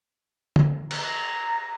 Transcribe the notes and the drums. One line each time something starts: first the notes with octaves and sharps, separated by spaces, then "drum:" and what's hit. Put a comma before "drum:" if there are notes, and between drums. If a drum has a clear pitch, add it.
drum: tom D3
A#5, drum: cymbal